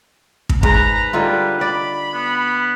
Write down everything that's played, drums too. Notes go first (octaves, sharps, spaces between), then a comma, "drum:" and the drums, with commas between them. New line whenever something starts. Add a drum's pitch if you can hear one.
drum: kick
G#2 B4 A#5, drum: kick
D3 G3 D#4 F4
D5 B5
B3